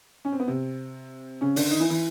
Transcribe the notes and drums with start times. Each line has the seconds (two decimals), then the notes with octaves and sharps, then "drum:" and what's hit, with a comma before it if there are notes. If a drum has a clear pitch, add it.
0.25 C#4
0.32 C4
0.40 B3
0.47 C3 C4
1.41 C#3 C#4
1.56 D3 D4, drum: open hi-hat
1.71 D#3 D#4
1.80 E3 E4
1.90 E3 E4